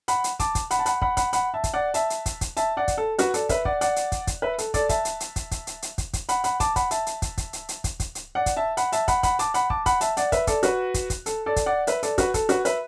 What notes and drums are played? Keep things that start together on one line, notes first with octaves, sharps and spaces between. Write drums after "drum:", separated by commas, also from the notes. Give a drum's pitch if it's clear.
F#5 B5, drum: hi-hat
drum: hi-hat
A5 D6, drum: kick, hi-hat
drum: kick, hi-hat
F#5 B5, drum: hi-hat
A5
F#5 B5, drum: hi-hat
F#5 B5, drum: kick
F#5 B5, drum: kick, hi-hat
F#5 B5, drum: hi-hat
E5 A5
drum: kick, hi-hat
D5 F#5
E5 A5, drum: hi-hat
drum: hi-hat
drum: kick, hi-hat
drum: kick, hi-hat
E5 A5, drum: hi-hat
D5 F#5
drum: kick, hi-hat
A4
F#4 B4, drum: hi-hat
A4 D5, drum: hi-hat
B4 E5, drum: kick, hi-hat
D5 F#5, drum: kick
D5 F#5, drum: hi-hat
drum: hi-hat
drum: kick, hi-hat
drum: kick, hi-hat
B4 E5
A4, drum: hi-hat
A4 D5, drum: kick, hi-hat
E5 A5, drum: kick, hi-hat
drum: hi-hat
drum: hi-hat
drum: kick, hi-hat
drum: kick, hi-hat
drum: hi-hat
drum: hi-hat
drum: kick, hi-hat
drum: kick, hi-hat
F#5 B5, drum: hi-hat
F#5 B5, drum: hi-hat
A5 D6, drum: kick, hi-hat
F#5 B5, drum: kick, hi-hat
E5 A5, drum: hi-hat
drum: hi-hat
drum: kick, hi-hat
drum: kick, hi-hat
drum: hi-hat
drum: hi-hat
drum: kick, hi-hat
drum: kick, hi-hat
drum: hi-hat
D5 F#5
drum: kick, hi-hat
E5 A5
F#5 B5, drum: hi-hat
E5 A5, drum: hi-hat
F#5 B5, drum: kick, hi-hat
F#5 B5, drum: kick, hi-hat
A5 D6, drum: hi-hat
F#5 B5, drum: hi-hat
A5 D6, drum: kick
F#5 B5, drum: kick, hi-hat
E5 A5, drum: hi-hat
D5 F#5, drum: hi-hat
B4 E5, drum: kick, hi-hat
A4 D5, drum: kick, hi-hat
F#4 B4, drum: hi-hat
drum: kick, hi-hat
drum: kick, hi-hat
A4, drum: hi-hat
A4 D5
drum: kick, hi-hat
D5 F#5
B4 E5, drum: hi-hat
A4 D5, drum: hi-hat
F#4 B4, drum: kick, hi-hat
A4, drum: kick, hi-hat
F#4 B4, drum: hi-hat
B4 E5, drum: hi-hat